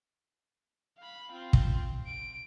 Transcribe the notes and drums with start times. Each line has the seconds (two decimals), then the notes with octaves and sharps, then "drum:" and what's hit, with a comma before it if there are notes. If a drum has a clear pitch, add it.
0.98 F5 B5
1.31 C4 F4
1.53 drum: kick
2.06 D7